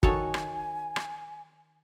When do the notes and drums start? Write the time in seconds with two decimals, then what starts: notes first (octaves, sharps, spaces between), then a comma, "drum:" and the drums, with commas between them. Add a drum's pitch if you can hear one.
0.03 D#3 F#4 A4 C#5 G#5, drum: kick
0.34 drum: rim click
0.96 drum: rim click